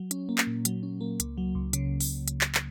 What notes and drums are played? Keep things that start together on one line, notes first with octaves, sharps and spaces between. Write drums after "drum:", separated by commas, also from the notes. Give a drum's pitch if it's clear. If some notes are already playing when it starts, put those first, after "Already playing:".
Already playing: F#3
C#4, drum: hi-hat
A#3
drum: clap
A#2
F#3, drum: hi-hat
C#4
A#3
C#2, drum: hi-hat
F#3
C#2
C#3, drum: hi-hat
drum: open hi-hat
drum: hi-hat
drum: clap
drum: clap